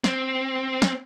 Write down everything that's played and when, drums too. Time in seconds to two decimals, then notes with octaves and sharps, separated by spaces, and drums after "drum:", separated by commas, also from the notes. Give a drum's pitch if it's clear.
0.04 C4, drum: snare
0.82 drum: snare